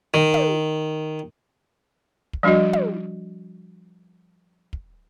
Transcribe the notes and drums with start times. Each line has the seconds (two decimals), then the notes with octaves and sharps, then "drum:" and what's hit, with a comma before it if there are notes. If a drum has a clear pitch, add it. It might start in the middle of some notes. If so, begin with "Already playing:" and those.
0.14 D#3
0.34 drum: tom
2.33 drum: kick
2.43 F3 G3 D4 F#4 D#5
2.73 drum: tom
4.73 drum: kick